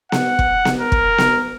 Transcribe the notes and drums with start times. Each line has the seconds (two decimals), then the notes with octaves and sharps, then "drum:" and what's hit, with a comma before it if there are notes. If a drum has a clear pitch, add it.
0.12 F#5, drum: snare B3
0.39 drum: kick
0.65 drum: snare B3
0.81 A#4
0.92 drum: kick
1.18 drum: snare B3